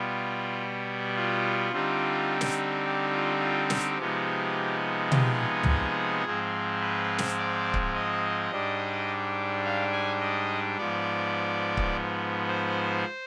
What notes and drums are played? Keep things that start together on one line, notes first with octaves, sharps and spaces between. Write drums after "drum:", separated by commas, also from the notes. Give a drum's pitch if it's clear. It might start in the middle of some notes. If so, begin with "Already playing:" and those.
Already playing: B2 G3 B3 F4
F4
D3 G3 C4 D#4
drum: snare
G4
F4
F4
G4, drum: snare
C3 F3 G#3 B3 D#4 G4
G4, drum: tom B2
G#4
drum: tom
G#2 F3 G#3 C4
B4
drum: snare
D5
drum: kick C#1
D#5
G#2 G3 D4
F5
G#5
D#5
G#2 F3 B3 D5
drum: kick C#1
C5